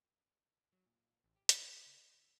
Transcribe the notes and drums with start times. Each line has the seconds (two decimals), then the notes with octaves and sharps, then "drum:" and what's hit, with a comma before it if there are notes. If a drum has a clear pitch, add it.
0.73 F#3
0.86 A#2
1.24 A1
1.36 G4
1.49 G2, drum: hi-hat
1.68 D#6
1.86 C#3
1.98 C6
2.21 E6